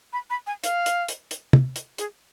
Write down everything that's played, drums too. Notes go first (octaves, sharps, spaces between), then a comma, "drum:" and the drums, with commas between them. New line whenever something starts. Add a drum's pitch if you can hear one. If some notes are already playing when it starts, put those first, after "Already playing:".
B5
B5
G#5
F5, drum: hi-hat
drum: hi-hat
drum: hi-hat
drum: hi-hat
drum: tom
drum: hi-hat
G#4, drum: hi-hat